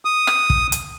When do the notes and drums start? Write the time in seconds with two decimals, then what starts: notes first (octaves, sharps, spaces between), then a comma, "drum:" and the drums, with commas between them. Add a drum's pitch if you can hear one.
0.05 D#6
0.27 drum: rim click
0.50 drum: kick
0.72 drum: hi-hat